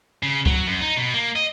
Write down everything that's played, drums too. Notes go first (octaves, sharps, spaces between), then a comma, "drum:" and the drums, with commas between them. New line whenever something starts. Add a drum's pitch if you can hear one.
C#3
F#3, drum: kick C#2
F#2
D#4
B2
A#3
D#5